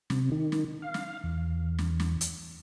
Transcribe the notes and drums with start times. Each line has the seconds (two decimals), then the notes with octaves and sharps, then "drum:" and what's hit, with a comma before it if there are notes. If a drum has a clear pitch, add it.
0.10 C3, drum: snare
0.32 D#3
0.52 drum: snare
0.82 F5
0.94 drum: snare
1.23 E2
1.79 drum: snare
2.00 drum: snare
2.21 drum: hi-hat